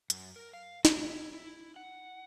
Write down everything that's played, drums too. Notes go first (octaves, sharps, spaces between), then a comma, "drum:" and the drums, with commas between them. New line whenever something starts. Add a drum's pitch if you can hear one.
F#2, drum: hi-hat
A#4
F5
F#3, drum: snare
E4
E4
F#5